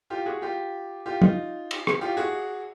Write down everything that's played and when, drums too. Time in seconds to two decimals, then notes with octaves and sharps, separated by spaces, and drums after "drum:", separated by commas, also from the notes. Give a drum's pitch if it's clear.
0.10 F4 G4
0.26 F#4 G#4
0.42 F4 G4
1.06 F4 G4
1.22 D#4 F4, drum: tom
1.71 drum: cymbal
1.87 drum: rim click
2.01 F4 G4
2.17 F#4 G#4